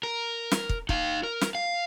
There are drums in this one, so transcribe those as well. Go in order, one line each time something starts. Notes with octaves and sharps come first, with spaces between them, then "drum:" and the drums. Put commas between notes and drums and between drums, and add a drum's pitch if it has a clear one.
A#4
drum: snare
drum: kick
D#4 F5, drum: kick
A#4
drum: snare
F5